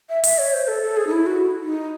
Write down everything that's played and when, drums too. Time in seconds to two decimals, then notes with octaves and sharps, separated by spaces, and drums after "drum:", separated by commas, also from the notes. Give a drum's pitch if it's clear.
0.09 E5
0.24 E5, drum: open hi-hat
0.38 C#5
0.53 C5
0.68 A4
0.82 A4
0.97 G#4
1.07 D#4
1.12 E4
1.26 F#4
1.63 D#4